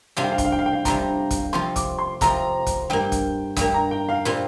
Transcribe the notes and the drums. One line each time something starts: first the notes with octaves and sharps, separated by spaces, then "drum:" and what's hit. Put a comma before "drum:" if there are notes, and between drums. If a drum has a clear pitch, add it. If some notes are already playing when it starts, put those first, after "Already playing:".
C3 G3 D4 F4 F5
G5
F5
G5, drum: kick, hi-hat
F5
G5
F5
G5
F5
C3 G3 D4 F4 A#5, drum: kick, hi-hat
drum: kick, hi-hat
C3 F3 C4 F4 C6
D6, drum: kick, hi-hat
C6
C3 F3 C4 F4 A#5, drum: kick, hi-hat
drum: kick, hi-hat
G2 G3 A#3 G5
drum: kick, hi-hat
G2 G3 A#3, drum: kick, hi-hat
A#5
G5
F5
A#2 G3 C4 F4